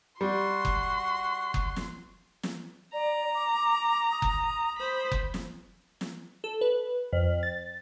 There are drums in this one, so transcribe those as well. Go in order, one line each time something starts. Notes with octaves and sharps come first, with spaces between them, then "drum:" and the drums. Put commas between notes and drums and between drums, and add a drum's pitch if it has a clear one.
G3 F#4 C6
drum: kick F#1
drum: kick F#1
drum: snare
drum: snare
D5 A#5
D6
D#6
drum: kick F#1
C5 B5
drum: kick F#1
drum: snare
drum: snare
A4
B4
F2
A6